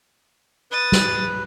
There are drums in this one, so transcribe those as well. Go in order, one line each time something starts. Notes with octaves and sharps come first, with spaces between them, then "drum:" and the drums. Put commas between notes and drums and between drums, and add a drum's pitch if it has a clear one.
B4 D#6 A6
drum: snare